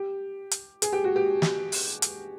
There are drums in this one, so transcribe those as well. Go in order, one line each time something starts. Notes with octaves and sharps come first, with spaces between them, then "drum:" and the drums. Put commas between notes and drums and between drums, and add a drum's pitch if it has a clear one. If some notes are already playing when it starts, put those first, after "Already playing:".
Already playing: G4
drum: hi-hat
G#4, drum: hi-hat
G4
F#4
G4
drum: snare
drum: open hi-hat
drum: hi-hat